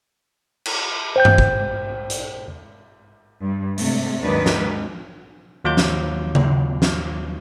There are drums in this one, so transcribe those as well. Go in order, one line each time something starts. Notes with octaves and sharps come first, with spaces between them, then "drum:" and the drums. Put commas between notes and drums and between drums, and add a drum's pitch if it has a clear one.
drum: cymbal
C5 G5 G6
drum: tom G2
drum: kick
drum: hi-hat
G2
G#2 C3 A3, drum: open hi-hat
D#2 G#2 D#3 F#3 D4 B4
drum: snare
D#2 F#3 F4 D6 G6
drum: snare
drum: tom C#3
drum: snare